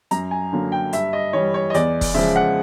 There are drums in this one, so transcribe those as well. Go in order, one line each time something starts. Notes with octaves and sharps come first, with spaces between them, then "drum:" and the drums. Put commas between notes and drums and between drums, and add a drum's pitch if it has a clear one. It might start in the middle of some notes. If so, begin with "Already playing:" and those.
F#2 A#5, drum: hi-hat
G#5
D3 F#3 A#3
G5
G2 E5, drum: hi-hat
D#5
E3 G3 C#5
C#5
D#5
E2 D5, drum: hi-hat
drum: kick, open hi-hat
C#3 F3 G#3 E5
F#5